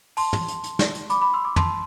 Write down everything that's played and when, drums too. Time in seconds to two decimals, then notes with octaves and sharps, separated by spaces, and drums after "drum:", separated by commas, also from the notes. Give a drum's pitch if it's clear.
0.17 A5 C6, drum: open hi-hat
0.33 drum: tom
0.48 drum: hi-hat
0.64 drum: hi-hat
0.79 drum: snare
0.95 drum: hi-hat
1.10 B5 D6, drum: hi-hat
1.21 B5 D6
1.33 C6 E6
1.45 B5 D6
1.56 A5 C6, drum: tom